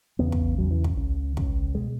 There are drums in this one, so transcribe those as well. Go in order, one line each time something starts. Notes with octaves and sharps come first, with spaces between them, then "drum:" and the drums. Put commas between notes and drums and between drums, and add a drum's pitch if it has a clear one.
E2 C#3 B3
drum: kick
E2 C#3 F#3
E3
drum: kick
C#2 C#3
C#2 C#3, drum: kick
B2 G#3